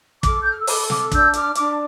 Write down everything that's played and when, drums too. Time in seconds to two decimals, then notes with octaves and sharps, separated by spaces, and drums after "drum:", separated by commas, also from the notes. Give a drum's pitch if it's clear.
0.23 A4 D6 F6, drum: kick, hi-hat
0.41 G6
0.50 F6
0.59 E6
0.67 A4 B5 D6, drum: open hi-hat
0.90 D6 F6, drum: snare
1.12 D4 E6 G6, drum: kick, hi-hat
1.33 D6 F6, drum: hi-hat
1.55 D4 D6 F6, drum: hi-hat